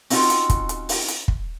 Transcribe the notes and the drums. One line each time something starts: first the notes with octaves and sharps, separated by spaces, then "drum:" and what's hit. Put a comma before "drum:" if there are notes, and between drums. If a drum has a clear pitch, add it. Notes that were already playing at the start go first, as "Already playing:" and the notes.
C4 C#4 D#4 F4 F#4, drum: open hi-hat
drum: hi-hat
drum: kick, hi-hat
drum: hi-hat
drum: open hi-hat
drum: hi-hat
drum: kick